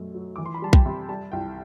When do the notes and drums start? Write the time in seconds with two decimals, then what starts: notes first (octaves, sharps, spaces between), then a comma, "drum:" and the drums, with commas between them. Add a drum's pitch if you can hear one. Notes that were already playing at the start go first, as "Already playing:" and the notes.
Already playing: F#2 B2 A3
0.14 F#3
0.36 E3 D6
0.46 C6
0.54 B5
0.62 G3 A5
0.73 G5, drum: kick B1
0.86 C3
1.09 G3 A5
1.32 C2 G5